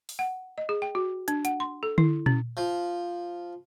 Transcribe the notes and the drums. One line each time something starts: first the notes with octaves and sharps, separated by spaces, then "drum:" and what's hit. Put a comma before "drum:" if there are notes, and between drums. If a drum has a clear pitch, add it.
drum: open hi-hat
F#5
D#5
G#4
G5
F#4
D4, drum: hi-hat
F#5, drum: hi-hat
C6
A4
E4, drum: tom D3
C#4, drum: tom A#2
F3